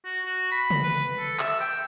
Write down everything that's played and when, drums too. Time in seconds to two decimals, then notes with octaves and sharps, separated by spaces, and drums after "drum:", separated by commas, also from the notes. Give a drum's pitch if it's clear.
0.05 F#4
0.25 F#4
0.51 B5
0.71 drum: tom
0.83 B4
0.94 drum: tambourine
1.18 A4
1.39 E5, drum: clap
1.60 G5